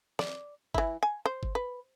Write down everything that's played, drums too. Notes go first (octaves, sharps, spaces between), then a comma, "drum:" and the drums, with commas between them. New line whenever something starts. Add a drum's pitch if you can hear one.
D5, drum: snare
E3 E4, drum: kick G1
G#5
C5
drum: kick G1
B4